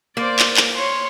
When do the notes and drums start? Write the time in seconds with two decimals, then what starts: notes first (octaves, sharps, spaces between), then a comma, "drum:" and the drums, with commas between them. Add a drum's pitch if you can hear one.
0.17 A#3 C5 D5
0.39 drum: clap
0.57 drum: clap
0.75 C#5 C6